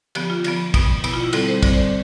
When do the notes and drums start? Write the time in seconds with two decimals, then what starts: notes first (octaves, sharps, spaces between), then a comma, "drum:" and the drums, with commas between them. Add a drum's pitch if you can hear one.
0.15 D3 F3 B3 G4, drum: cymbal
0.30 F4
0.44 D3 F3 B3, drum: cymbal
0.74 B2 B3, drum: kick, cymbal
1.04 B2 B3 E4, drum: cymbal
1.14 F4
1.24 E4
1.33 D3 G3 C4 A4, drum: cymbal
1.48 C5
1.63 D3 G3 C4 D5, drum: kick, cymbal
1.73 C5
1.77 D5